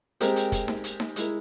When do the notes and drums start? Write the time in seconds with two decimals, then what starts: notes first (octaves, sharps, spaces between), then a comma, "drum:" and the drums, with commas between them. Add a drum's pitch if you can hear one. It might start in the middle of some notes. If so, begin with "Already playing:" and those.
0.20 G#3 C4 G4 A#4, drum: hi-hat
0.36 drum: hi-hat
0.52 drum: kick, hi-hat
0.68 drum: snare D#4
0.84 drum: hi-hat
1.00 drum: snare D#4
1.16 G#3 E4 A#4, drum: hi-hat